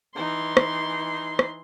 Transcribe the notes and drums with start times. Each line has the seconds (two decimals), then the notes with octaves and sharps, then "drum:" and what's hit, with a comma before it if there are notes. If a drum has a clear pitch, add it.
0.16 E3 D#4 C6
0.57 drum: rim click
1.39 drum: rim click